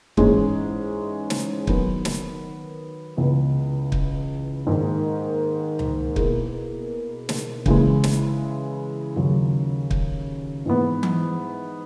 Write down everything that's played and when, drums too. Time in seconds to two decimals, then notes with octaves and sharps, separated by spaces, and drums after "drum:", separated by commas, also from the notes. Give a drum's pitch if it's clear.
0.17 G#2 E3 G#3 C#4 G#4, drum: kick
1.30 drum: snare
1.67 D#3 F#3 B3, drum: kick
2.05 drum: snare
3.17 C#2 C#3 E3 B3
3.92 drum: kick
4.67 G#2 D#3 A#3
5.79 drum: tom C#2
6.16 B2 A#3 E4 G#4, drum: kick
7.29 drum: snare
7.66 C#3 E3 G#3, drum: kick
8.04 drum: snare
9.16 D#2 C#3 F#3 C#4
9.91 drum: kick
10.66 G#2 E3 B3
11.03 drum: tom E3